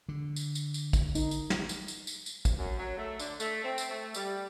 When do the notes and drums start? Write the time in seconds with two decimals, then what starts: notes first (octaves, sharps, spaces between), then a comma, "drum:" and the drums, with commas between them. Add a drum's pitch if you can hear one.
0.09 D3
0.36 drum: tambourine
0.55 drum: tambourine
0.74 drum: tambourine
0.93 drum: kick A1, tambourine
1.15 D#4, drum: tambourine
1.31 drum: tambourine
1.50 drum: snare
1.69 drum: tambourine
1.88 drum: tambourine
2.07 drum: tambourine
2.26 drum: tambourine
2.45 drum: kick A1, tambourine
2.59 F#2
2.79 F#3
2.97 A3
3.19 D3, drum: tambourine
3.40 A3, drum: tambourine
3.64 C4
3.78 drum: tambourine
3.90 A3
4.14 G3, drum: tambourine